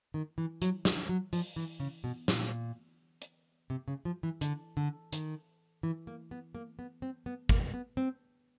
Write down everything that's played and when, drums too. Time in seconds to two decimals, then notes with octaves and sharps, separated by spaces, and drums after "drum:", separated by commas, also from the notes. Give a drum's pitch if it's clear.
0.14 D#3
0.38 E3
0.62 F#3, drum: hi-hat
0.85 G3, drum: snare
1.09 F#3
1.33 F3, drum: open hi-hat
1.56 E3
1.80 C#3
2.04 B2
2.28 A#2, drum: snare
3.22 drum: hi-hat
3.70 C3
3.88 C#3
4.05 F3
4.23 E3
4.41 D3, drum: hi-hat
4.77 D3
5.13 D#3, drum: hi-hat
5.83 E3
6.07 A#3
6.31 B3
6.55 A#3
6.79 B3
7.02 C4
7.26 B3
7.49 A#3, drum: kick G#1
7.74 B3
7.97 C4